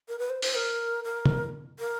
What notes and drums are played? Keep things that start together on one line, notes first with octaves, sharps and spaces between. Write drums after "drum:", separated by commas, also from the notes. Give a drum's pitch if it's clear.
A#4
B4
C5
C5, drum: open hi-hat
A#4
A#4
drum: tom
A#4